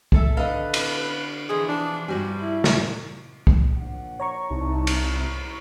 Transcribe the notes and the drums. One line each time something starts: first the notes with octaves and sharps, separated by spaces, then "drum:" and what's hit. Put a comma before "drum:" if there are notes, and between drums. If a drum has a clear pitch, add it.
G#4 A4 E5, drum: kick
D3 A4 B4 D#5 F5
drum: cymbal
B2 E3 F3 G#4
D4
G2 G3 F#4 G#5
E4
drum: snare
drum: kick
A#1 F#5
C#5 A#5 C#6
C2 D#4 A5
drum: cymbal
G#2